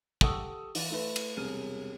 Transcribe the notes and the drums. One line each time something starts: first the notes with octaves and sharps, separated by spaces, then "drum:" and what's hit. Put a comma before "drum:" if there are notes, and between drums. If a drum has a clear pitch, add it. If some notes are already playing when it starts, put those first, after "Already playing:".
G4 A4 F#5 C#6 D#6 E6, drum: kick
E3, drum: open hi-hat
A3 E4 B4
drum: cymbal
E1 C2 G#4 F6 D#7